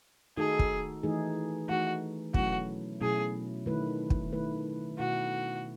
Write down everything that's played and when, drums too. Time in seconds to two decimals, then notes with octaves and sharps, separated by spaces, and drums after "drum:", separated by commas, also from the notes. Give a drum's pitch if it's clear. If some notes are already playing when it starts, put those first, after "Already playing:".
0.37 D#3 A3 D#4 F#4 G#4 A4
0.59 drum: kick
1.03 E3 A3 D#4 G#4
1.69 E3 A3 D#4 F#4 G#4
2.34 B2 F#3 A3 C#4 E4 F#4, drum: kick
3.01 B2 F#3 A3 C#4 E4 G#4
3.66 D#3 A3 E4 B4
4.10 drum: kick
4.32 D#3 A3 E4 B4
4.98 B2 A3 C#4 E4 F#4 A4